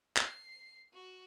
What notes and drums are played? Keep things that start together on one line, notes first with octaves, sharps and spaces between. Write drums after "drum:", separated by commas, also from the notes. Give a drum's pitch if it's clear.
C7, drum: clap
F#4